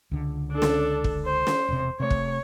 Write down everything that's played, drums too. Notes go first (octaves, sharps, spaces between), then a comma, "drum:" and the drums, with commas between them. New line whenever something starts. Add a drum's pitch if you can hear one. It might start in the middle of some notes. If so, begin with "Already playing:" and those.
C#2 D3
D4 A4
drum: snare
drum: kick
C5
drum: snare
E1 C3
C3 A3 C#5
drum: kick